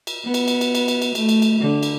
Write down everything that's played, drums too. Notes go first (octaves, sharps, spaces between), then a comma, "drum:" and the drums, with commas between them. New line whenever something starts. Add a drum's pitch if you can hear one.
drum: cymbal
B3
drum: cymbal
drum: cymbal
drum: cymbal
drum: cymbal
drum: cymbal
drum: cymbal
A3, drum: cymbal
drum: cymbal
drum: cymbal
D3
drum: cymbal